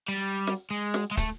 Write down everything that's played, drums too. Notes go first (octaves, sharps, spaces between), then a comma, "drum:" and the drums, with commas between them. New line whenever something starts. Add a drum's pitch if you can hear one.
G3
drum: snare
G#3
drum: snare
G#3
A3, drum: kick, hi-hat